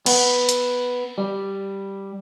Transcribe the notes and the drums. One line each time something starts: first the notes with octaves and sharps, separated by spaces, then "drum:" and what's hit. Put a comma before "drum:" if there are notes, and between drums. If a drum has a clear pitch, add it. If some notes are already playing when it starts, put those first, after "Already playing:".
B3, drum: cymbal
drum: hi-hat
G3